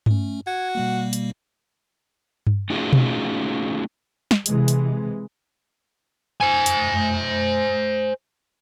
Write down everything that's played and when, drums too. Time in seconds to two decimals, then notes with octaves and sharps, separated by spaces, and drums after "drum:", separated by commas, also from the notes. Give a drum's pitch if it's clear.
0.06 A3 C#4, drum: tom G2
0.47 F#4 G#6
0.75 B2 G3 A#3
1.13 drum: hi-hat
2.47 drum: tom G2
2.70 A3 C#4 D#4 F4 F#4 G#4
2.93 drum: tom B2
4.31 drum: snare
4.46 C3 E3 G#3, drum: hi-hat
4.68 drum: hi-hat
6.40 C5 G#5
6.66 drum: hi-hat